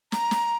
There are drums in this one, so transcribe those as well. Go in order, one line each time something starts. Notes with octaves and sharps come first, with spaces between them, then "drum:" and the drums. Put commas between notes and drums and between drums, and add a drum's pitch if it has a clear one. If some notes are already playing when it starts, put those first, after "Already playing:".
A#5, drum: snare
drum: snare